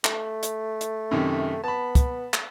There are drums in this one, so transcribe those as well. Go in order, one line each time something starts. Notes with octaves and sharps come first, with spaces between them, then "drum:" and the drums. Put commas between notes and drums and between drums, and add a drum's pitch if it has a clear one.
A3, drum: clap
drum: hi-hat
drum: hi-hat
F#2 C3 D#3
B3 A5 B5
drum: kick, hi-hat
drum: clap